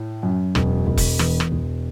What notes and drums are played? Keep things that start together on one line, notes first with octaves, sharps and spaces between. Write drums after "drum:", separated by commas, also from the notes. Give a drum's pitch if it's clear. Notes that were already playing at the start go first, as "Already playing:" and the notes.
Already playing: A2
F#2
E1, drum: rim click
E1
drum: kick E1, open hi-hat
E2, drum: rim click
drum: rim click
E1